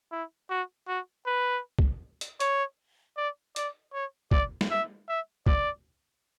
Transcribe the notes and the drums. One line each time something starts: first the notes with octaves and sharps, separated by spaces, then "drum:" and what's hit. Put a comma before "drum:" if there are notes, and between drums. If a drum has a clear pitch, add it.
E4
F#4
F#4
B4
drum: kick
drum: hi-hat
C#5, drum: hi-hat
D5
D5, drum: hi-hat
C#5
D5, drum: kick
drum: snare
E5
E5
D5, drum: kick